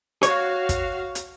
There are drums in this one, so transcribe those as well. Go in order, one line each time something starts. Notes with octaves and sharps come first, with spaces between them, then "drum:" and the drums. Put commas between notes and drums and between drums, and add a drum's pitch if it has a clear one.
F#4 C#5 F5, drum: hi-hat
drum: kick, hi-hat
drum: hi-hat